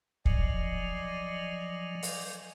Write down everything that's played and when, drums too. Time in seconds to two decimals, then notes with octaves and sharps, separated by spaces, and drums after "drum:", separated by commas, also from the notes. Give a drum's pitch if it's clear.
0.25 F3 F#3 D5 D#5 G#5, drum: kick
2.03 drum: open hi-hat